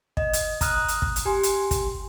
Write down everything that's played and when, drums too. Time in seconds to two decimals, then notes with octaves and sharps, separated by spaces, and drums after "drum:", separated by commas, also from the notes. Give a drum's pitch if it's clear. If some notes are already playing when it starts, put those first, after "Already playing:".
0.17 D#5, drum: kick
0.33 drum: hi-hat
0.61 A#5 D#6 F6 F#6, drum: kick, hi-hat
0.88 drum: hi-hat
1.02 drum: kick
1.16 drum: hi-hat
1.25 G4 G#5 C6
1.43 drum: hi-hat
1.71 drum: kick, hi-hat